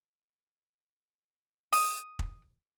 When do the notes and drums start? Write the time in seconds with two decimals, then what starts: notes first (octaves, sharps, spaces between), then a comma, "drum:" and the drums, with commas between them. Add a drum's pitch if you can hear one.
1.73 D#6, drum: open hi-hat
2.19 drum: kick